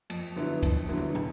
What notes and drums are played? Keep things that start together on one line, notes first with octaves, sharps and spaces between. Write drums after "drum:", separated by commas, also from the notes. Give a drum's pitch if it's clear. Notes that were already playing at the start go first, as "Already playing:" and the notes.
F2, drum: cymbal
D3 F#3 B3 E4
F2, drum: kick, cymbal
D3 F#3 B3 E4
drum: tom
drum: tom